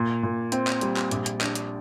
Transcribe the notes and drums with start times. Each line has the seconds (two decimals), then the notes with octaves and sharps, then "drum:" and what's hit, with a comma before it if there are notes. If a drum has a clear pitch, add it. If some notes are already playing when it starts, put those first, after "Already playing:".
Already playing: A#2
0.23 A#2
0.52 C4, drum: hi-hat
0.67 drum: clap
0.81 G3, drum: hi-hat
0.97 drum: clap
1.11 A#1, drum: hi-hat
1.26 drum: hi-hat
1.41 D4, drum: clap
1.55 drum: hi-hat